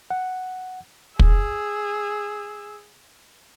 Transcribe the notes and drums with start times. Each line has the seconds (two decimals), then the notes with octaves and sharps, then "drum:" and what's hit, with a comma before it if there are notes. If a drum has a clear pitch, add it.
0.10 F#5
1.19 G#4 E6, drum: kick